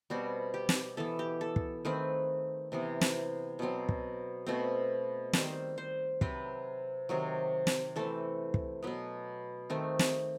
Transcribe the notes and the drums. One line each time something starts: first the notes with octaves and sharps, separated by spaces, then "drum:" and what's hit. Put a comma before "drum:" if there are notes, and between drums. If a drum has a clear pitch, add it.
B2 G3 C4 F#4
G4
drum: snare
E3 B3 A4
G4
A4
drum: kick
D#3 A3 C4 B4
C3 E3 B3
drum: snare
B2 F#3 C4
drum: kick
B2 A3 C4
D#3 G3 C4 C5, drum: snare
C5
C3 F#3 C4 B4, drum: kick
C3 D#3 F#3
drum: snare
E3 A3 C4 A4
drum: kick
B2 F#3 B3 B4
D#3 A3 C4
drum: snare